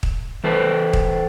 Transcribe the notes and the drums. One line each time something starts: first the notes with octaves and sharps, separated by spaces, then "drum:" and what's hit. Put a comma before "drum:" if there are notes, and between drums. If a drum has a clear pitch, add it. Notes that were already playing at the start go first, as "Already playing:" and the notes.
drum: kick
E3 A4 B4 C5
drum: kick